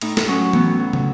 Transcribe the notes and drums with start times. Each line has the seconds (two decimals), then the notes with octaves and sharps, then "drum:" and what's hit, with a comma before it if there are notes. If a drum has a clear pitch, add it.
0.01 A2 D#4, drum: cymbal
0.17 drum: snare
0.28 F#3 C#4
0.53 A2 B3, drum: tom E3
0.80 F#3
0.93 drum: tom